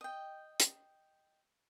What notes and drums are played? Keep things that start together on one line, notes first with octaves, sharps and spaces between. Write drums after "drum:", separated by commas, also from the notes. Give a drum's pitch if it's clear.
D#5 G5
drum: hi-hat